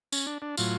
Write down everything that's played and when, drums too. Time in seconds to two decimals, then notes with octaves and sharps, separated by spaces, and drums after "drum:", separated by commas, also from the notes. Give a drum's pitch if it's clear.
0.12 C#4, drum: tambourine
0.27 D4
0.42 D4
0.57 A2 F#3 F4, drum: tambourine